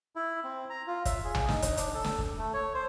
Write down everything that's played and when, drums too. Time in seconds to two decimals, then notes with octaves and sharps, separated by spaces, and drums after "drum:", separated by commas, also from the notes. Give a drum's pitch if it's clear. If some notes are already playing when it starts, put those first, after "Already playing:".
0.16 E4
0.44 C4
0.70 A#5
0.87 F4
1.05 E5, drum: kick, hi-hat
1.24 G#4
1.34 drum: tom A#1
1.48 D#4, drum: snare
1.62 drum: kick, hi-hat
1.77 D4, drum: hi-hat
1.94 A4
2.04 drum: snare
2.18 drum: kick
2.38 A3
2.53 C#5
2.74 C5